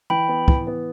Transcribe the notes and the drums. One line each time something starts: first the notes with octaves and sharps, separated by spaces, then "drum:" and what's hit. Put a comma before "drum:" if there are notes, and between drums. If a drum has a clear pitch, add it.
E3 G5 B5
B3
E3, drum: kick
B3